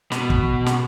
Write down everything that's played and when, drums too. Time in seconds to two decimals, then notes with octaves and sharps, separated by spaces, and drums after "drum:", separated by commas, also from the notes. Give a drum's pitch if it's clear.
0.12 B2, drum: snare
0.30 drum: kick
0.66 drum: snare